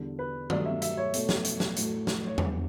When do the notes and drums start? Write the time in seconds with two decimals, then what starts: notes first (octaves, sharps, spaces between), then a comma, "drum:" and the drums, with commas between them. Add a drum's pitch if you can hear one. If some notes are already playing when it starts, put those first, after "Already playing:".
Already playing: E2 D3 G3
0.19 B4
0.50 G2 F#3 A3 D5, drum: tom D#3
0.66 E5
0.82 E5, drum: hi-hat
0.97 C#5
1.14 B2 A3, drum: hi-hat
1.29 drum: snare
1.44 drum: hi-hat
1.60 drum: snare
1.76 A2 F#3 A3, drum: hi-hat
2.07 drum: snare
2.27 C#5
2.38 E2 D3 G3 B4, drum: tom E2